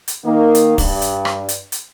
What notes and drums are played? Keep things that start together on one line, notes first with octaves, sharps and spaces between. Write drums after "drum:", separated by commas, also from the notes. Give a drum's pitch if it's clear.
drum: hi-hat
D#3 A#3
drum: hi-hat
G2, drum: kick, open hi-hat
drum: hi-hat
drum: rim click
drum: hi-hat
drum: hi-hat